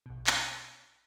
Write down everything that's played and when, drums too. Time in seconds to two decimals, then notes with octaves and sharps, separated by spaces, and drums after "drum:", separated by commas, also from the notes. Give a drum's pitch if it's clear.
0.06 A#1 B2
0.27 drum: clap